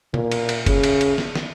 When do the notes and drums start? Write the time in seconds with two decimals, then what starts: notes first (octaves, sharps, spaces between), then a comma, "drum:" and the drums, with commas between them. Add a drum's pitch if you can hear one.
0.14 A#2, drum: tom B2
0.32 drum: cymbal
0.49 drum: cymbal
0.66 C#3, drum: kick, cymbal
0.83 drum: cymbal
1.01 drum: cymbal
1.18 drum: snare
1.35 drum: snare